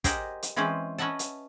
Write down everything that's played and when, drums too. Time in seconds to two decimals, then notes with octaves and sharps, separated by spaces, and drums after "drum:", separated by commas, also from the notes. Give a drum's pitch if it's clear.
0.04 G4 G#4 A#4 C5 D#5 F#5, drum: kick, hi-hat
0.43 drum: hi-hat
0.56 E3 G#3 C4 C#4 B4 C5
0.98 C#4 B4 D#5 E5 F#5 A5
1.19 drum: hi-hat